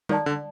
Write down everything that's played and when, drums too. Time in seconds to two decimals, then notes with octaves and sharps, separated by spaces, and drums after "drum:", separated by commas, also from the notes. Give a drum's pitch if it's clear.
0.09 D#3 A4 D5 A5, drum: tom G3
0.26 D3